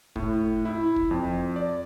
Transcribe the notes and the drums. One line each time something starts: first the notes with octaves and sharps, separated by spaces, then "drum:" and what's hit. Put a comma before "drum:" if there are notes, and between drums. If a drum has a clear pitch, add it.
A2, drum: kick
E4
drum: kick
F2
D5